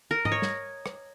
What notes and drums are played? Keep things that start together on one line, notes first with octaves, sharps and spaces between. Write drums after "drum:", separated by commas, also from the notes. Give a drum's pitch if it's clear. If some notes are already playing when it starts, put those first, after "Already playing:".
A#4
D#5, drum: tom G#2
C#5
drum: snare
drum: rim click